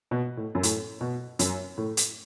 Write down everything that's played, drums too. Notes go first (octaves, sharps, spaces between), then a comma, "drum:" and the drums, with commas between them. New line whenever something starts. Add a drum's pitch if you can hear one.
B2
A2
F#2
A2, drum: hi-hat
B2
F#2, drum: hi-hat
A2
drum: hi-hat